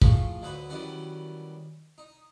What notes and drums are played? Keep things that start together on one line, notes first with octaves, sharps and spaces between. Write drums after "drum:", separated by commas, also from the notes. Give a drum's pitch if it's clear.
A2 F3 F4 G#4 E5 C#6, drum: kick
D2 F#3 D#4 B4 E5 B5
D#3 E3 F#3 G3 C#4 B4
D#4